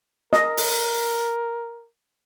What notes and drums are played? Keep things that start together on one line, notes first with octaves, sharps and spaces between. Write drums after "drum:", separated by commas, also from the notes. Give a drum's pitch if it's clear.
A#4 D#5, drum: snare
drum: open hi-hat